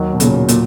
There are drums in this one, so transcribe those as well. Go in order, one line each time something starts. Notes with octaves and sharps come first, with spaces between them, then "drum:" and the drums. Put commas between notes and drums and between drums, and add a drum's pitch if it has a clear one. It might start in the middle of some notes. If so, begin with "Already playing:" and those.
Already playing: D#2 D#3 F#3
B2
A#2 C#3, drum: hi-hat
A#2, drum: hi-hat